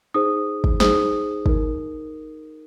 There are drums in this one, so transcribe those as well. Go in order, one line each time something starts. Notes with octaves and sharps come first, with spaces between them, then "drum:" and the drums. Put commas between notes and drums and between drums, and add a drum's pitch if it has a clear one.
D#4 G#4 C5 D#6
drum: kick
D#4 G#4 C5 D#6, drum: snare
D#4 A#4, drum: kick